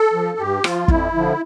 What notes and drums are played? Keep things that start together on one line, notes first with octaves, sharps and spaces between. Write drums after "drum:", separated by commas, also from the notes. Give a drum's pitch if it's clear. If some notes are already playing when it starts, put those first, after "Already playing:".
Already playing: A4
F3
G2 G4
F3 F4, drum: rim click
F2 E4, drum: kick
D3 F3